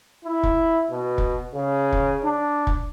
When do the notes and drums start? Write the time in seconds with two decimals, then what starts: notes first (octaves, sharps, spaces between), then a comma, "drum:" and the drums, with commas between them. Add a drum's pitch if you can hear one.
0.25 E4
0.43 drum: kick
0.91 B2
1.18 drum: kick
1.55 C#3
1.92 drum: kick
2.24 D4
2.67 drum: kick